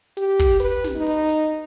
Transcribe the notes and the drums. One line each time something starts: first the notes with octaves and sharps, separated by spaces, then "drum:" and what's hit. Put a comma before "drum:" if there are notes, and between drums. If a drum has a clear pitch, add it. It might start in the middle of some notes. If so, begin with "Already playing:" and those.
G4, drum: hi-hat
drum: kick, open hi-hat
B4, drum: hi-hat
drum: snare
D#4
drum: open hi-hat
drum: hi-hat